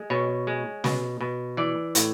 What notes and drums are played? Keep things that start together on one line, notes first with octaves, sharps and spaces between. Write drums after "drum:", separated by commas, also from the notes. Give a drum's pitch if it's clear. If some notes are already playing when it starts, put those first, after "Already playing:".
Already playing: G#3
B2 C#5
G#3
B2, drum: snare
B2
E3 D5
A2, drum: hi-hat